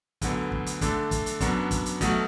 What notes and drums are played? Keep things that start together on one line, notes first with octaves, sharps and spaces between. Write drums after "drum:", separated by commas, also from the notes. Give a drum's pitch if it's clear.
D2 D3 F#3 B3, drum: kick, hi-hat
drum: kick
drum: hi-hat
D3 A3 D4 A4, drum: kick, hi-hat
drum: kick, hi-hat
drum: hi-hat
F#2 F#3 B3 D4 F#4, drum: kick, hi-hat
drum: kick, hi-hat
drum: hi-hat
B2 F#3 A3 F#4, drum: kick, hi-hat